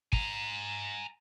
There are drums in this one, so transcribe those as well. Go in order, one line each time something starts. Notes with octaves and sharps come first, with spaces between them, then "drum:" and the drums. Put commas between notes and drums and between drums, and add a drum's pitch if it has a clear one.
G#5 A#5, drum: kick